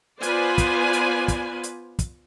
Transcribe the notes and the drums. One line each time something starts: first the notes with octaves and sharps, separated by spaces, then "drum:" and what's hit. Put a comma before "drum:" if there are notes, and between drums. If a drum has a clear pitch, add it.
B3 F4 B4 C5 D5 G#5, drum: hi-hat
drum: kick, hi-hat
drum: hi-hat
drum: kick, hi-hat
drum: hi-hat
drum: kick, hi-hat